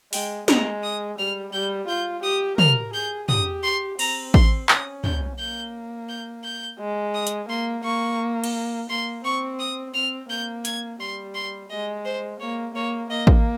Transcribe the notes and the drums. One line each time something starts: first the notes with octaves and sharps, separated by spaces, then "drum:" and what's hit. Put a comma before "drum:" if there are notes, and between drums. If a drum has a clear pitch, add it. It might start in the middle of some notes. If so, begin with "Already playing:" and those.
G#3 G5, drum: open hi-hat
G#3 A#5, drum: snare
D#6
G3 F6
G3 G6
F4 G6
G4 D#6
A#4 F6, drum: tom
G#4 G6
G4 D#6, drum: tom
C6
C4 A#5, drum: cymbal
C6, drum: kick A1
C#4 D#6, drum: clap
G6, drum: tom
A#3 G6
G6
G6
G#3
D#6
drum: hi-hat
A#3 C6
A#3 C#6
drum: cymbal
A#3 C6
C4 C#6
D#6
C4 F6
A#3 G6
G#6, drum: hi-hat
G3 C6
C6
G#3 D#5
C5
A#3 C#5
A#3 C#5
A#3 D#5
drum: kick A1